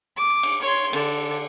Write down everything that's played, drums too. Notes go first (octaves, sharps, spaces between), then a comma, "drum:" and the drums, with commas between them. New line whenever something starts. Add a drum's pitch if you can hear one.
D6
drum: cymbal
C#5 C6
D3, drum: cymbal